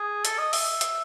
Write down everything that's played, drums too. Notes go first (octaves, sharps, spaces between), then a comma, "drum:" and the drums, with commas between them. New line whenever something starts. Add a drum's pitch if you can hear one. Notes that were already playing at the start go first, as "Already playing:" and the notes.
Already playing: G#4
A4, drum: hi-hat
D#5
E5, drum: open hi-hat
drum: hi-hat